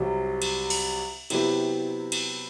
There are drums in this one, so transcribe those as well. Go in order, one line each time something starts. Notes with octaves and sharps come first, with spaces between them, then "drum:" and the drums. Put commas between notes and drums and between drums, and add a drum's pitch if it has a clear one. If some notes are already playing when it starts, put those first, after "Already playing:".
Already playing: C2 C3 F#3
drum: cymbal
drum: cymbal
C3 F#3 B3 E4 G4, drum: cymbal
drum: cymbal